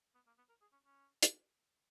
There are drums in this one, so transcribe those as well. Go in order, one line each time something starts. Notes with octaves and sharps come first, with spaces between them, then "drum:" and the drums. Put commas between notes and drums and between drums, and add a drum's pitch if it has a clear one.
B3
A#3
B3
A#4
G#4
C#4
C#4
drum: hi-hat